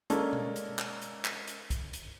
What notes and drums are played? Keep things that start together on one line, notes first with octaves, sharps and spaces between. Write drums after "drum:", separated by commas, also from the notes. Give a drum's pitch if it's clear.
G#3 A#3 C#4 D4 A4 A#4, drum: hi-hat
drum: tom B2
drum: hi-hat
drum: clap
drum: hi-hat
drum: clap
drum: hi-hat
drum: kick, hi-hat
drum: hi-hat